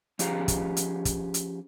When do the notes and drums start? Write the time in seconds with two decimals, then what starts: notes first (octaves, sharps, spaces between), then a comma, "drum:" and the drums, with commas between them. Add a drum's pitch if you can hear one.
0.19 F3 C#4 G4 G#4 F5 A#5, drum: hi-hat
0.48 drum: kick, hi-hat
0.77 drum: hi-hat
1.05 drum: kick, hi-hat
1.34 drum: hi-hat